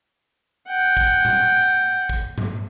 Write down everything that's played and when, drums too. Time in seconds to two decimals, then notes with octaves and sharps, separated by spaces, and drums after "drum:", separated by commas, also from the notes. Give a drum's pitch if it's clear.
0.68 F#5 G5
0.97 drum: kick
1.25 drum: tom A2
2.09 drum: kick
2.38 drum: tom G2